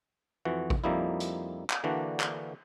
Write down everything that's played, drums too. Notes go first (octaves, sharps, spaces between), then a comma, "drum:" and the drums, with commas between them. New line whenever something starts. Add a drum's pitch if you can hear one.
F2 E3 F#4
drum: kick A1
F2 F3 G3 A#3 D#4 E4
drum: hi-hat
drum: clap
D3 E3 A#3 D4 F#4
drum: clap